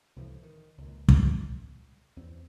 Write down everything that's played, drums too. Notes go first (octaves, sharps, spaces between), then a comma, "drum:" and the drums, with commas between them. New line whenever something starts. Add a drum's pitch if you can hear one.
C2 A2 E3 F3
D#3
C#2 A#2
drum: kick
E2 C4